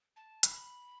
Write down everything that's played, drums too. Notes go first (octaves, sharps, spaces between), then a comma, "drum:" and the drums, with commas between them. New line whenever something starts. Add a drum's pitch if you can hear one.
A5
B5, drum: hi-hat